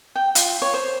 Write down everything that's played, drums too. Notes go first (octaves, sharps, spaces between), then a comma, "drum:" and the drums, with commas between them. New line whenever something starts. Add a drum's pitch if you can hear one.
G5
F4, drum: hi-hat
C#5
C5